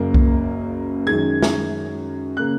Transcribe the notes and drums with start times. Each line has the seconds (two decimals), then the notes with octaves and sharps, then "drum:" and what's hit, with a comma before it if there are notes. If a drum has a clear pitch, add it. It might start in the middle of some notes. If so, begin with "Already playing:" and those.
Already playing: F#1 F#2 C#3 A#3
0.14 drum: kick C2
1.07 F#2 D#3 G#3 G#6
1.43 drum: snare
2.37 C#3 A#3 F#6